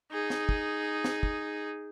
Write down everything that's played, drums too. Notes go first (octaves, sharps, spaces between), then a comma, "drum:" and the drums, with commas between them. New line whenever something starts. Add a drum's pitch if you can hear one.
D#4 G#4
drum: snare
drum: kick
drum: snare
drum: kick